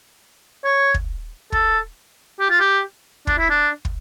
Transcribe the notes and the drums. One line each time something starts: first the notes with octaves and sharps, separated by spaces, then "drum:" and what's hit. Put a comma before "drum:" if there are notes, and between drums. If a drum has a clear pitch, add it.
C#5
drum: kick
A4, drum: kick
G4
F4
G4
D4, drum: kick
E4
D4
drum: kick